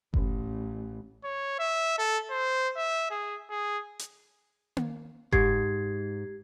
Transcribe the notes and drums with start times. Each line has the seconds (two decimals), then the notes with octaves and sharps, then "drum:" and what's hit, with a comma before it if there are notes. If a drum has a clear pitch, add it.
0.14 A1, drum: kick F#1
1.24 C#5
1.59 E5
1.98 A4
2.30 C5
2.77 E5
3.10 G#4
3.50 G#4
3.99 drum: hi-hat
4.77 drum: tom A#3
5.32 G#2 G4 G#6 C7, drum: kick F#1